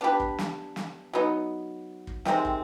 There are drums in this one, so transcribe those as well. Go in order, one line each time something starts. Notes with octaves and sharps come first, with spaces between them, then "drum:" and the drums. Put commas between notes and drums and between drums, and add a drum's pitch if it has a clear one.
B3 D4 G4 B4
drum: kick
drum: snare
drum: snare
F#3 B3 D#4
drum: kick
C3 D#3 G#3 C4, drum: snare
drum: kick